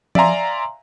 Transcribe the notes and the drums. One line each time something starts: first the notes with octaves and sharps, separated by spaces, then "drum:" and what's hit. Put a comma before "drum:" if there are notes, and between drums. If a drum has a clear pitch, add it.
D5 E5 F5 G#5 A#5 C6, drum: tom F3